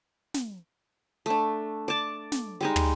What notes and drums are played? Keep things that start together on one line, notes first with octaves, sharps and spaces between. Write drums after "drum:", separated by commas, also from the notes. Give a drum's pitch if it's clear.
drum: snare
A3 D4
D5 A5
drum: snare
G3 G#3 D#4
drum: tom